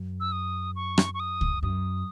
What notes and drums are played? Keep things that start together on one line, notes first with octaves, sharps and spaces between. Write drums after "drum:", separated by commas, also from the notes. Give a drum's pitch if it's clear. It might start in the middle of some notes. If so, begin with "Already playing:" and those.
Already playing: F#2
E6
D#6
C#6
drum: rim click
C#6
D#6
drum: kick C#2
F#2 D#6